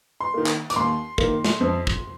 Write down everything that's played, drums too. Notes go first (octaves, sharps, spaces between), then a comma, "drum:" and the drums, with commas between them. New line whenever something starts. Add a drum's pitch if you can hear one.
C6
D#3 A#3
drum: clap
D6, drum: hi-hat
D#2 C6
D#3 A#3, drum: kick
drum: snare
F2
drum: kick